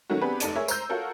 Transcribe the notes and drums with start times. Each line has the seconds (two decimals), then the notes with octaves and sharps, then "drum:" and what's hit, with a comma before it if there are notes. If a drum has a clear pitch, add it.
0.10 D#3 F#3 A3 C#4 F#4
0.21 B3 C4 D4 G4 G#4 B4
0.40 F1 D#4 A4 D5 D#7, drum: hi-hat
0.56 G#4 A#4 C#5 E5
0.68 C5 A#5 E6 G6, drum: tambourine
0.89 F4 F#4 A4 A#4 C#5